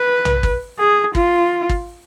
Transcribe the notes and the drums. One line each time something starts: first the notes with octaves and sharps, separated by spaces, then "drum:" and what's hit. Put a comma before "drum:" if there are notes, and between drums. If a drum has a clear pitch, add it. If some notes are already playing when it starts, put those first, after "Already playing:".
Already playing: B4
drum: tom B1
drum: kick G#1
G#4
F4, drum: kick G#1
drum: kick G#1